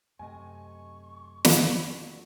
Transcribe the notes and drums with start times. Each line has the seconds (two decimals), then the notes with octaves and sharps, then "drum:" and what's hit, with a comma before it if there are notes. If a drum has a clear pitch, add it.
0.19 F#2 C3 A3 D#5 G#5 C#6
1.45 F#3 D#4, drum: snare